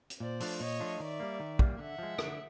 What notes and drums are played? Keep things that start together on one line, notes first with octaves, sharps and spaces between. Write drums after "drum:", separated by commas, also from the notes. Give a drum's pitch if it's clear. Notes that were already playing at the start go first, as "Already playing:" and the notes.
drum: hi-hat
A#2 C5 D5
F3 A3 D4 F4, drum: open hi-hat
A#2 C#5 D#5
F3 A3 D4 F4
D#3 D5 E5
G3 A#3
D#3
G3 A#3, drum: kick
D3 E5 F#5
F3 G#3
D3, drum: rim click